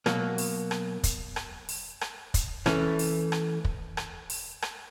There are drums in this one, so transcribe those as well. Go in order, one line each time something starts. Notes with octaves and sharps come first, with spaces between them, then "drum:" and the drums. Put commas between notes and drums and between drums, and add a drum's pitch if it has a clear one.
B2 F#3 A#3, drum: rim click
drum: open hi-hat
drum: rim click
drum: kick, hi-hat
drum: rim click
drum: open hi-hat
drum: rim click
drum: kick, hi-hat
E3 A3 C#4, drum: rim click
drum: open hi-hat
drum: rim click
drum: kick
drum: rim click
drum: open hi-hat
drum: rim click